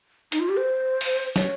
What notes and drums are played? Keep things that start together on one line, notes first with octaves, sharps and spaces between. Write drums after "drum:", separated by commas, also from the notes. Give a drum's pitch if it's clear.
D#4, drum: hi-hat
F4
G4
C5
drum: open hi-hat
C#5, drum: snare